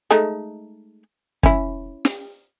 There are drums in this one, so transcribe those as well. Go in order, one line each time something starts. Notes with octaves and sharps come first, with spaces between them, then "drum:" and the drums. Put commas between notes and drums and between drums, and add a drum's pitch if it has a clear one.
G#3 A3 D#4
C#4 E4, drum: kick
drum: snare